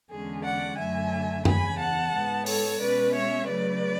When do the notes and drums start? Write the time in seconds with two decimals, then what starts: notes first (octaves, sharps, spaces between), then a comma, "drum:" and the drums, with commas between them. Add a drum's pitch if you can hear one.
0.11 E2 D3 G#3 C#4 G#4
0.45 D5 F#5
0.79 F#2 D3 F#3 A3 E5 G#5
1.45 E2 C#3 E3 G#5 B5, drum: tom F#2
1.79 F#5 A5
2.13 G#2 G#3 B3
2.46 A4 C#5, drum: open hi-hat
2.80 B2 G#3 C#4 B4 D5
3.14 C#5 E5
3.47 C#3 F#3 A3 B4 D5